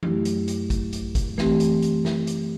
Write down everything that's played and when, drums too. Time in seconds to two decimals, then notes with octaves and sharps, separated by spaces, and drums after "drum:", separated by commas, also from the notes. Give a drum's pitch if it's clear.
0.03 F#2 F#3 A3 E4 G4, drum: tom E3
0.25 drum: hi-hat
0.48 drum: hi-hat
0.70 drum: kick, hi-hat
0.93 drum: hi-hat
1.15 drum: kick, hi-hat
1.38 E3 A3 C4 G4, drum: snare
1.60 drum: hi-hat
1.82 drum: hi-hat
2.05 drum: snare
2.27 drum: hi-hat